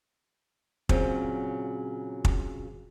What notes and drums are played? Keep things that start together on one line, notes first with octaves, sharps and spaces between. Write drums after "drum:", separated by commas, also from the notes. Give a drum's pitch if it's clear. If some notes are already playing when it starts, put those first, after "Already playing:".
A#2 C#3 F#3 C4, drum: kick
drum: kick